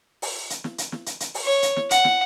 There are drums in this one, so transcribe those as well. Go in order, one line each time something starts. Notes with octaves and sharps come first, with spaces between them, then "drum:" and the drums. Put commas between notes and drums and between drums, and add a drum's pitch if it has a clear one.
drum: open hi-hat
drum: hi-hat
drum: snare
drum: hi-hat
drum: snare
drum: hi-hat
drum: hi-hat
drum: open hi-hat
C#5
drum: hi-hat
drum: snare
F#5, drum: hi-hat
drum: snare